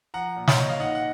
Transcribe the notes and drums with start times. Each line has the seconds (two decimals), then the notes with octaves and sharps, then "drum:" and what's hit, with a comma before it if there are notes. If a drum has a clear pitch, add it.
0.14 F3 F#5 A#5
0.36 A#2
0.48 C#5, drum: snare
0.58 A#2 D#5
0.70 F5
0.80 D#3 D#5 F#5
0.95 F#5